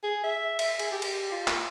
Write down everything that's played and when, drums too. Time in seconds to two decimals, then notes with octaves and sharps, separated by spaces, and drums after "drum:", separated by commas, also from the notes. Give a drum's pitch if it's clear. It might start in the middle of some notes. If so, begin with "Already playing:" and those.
0.04 G#4
0.24 E5
0.59 E5, drum: cymbal
0.79 G#4, drum: cymbal
0.92 G4
1.02 drum: cymbal
1.32 F4
1.47 drum: clap